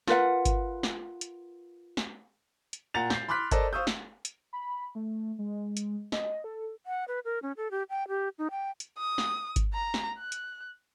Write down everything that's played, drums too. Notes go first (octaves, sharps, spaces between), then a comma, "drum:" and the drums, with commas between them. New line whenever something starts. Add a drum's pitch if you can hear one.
F4 A#4 B4 F#5, drum: snare
drum: kick G1, hi-hat
drum: snare
drum: hi-hat
drum: snare
drum: hi-hat
A#2 A#3 F#5 A#5 A6 F7
G6 C7, drum: snare
B5 C6 D6 F6 F#6 B6
A4 A#4 C5 D5 D#5, drum: kick G1, hi-hat
C5 F5 C#6 D#6 E6 G6
drum: snare
drum: hi-hat
B5
A3
G#3
drum: hi-hat
D#5, drum: snare
A4
F#5
B4
A#4
C#4
A4
G4
G5
G4
D#4
G5
drum: hi-hat
D#6
drum: snare
drum: kick G1, hi-hat
A#5
drum: snare
F#6
drum: hi-hat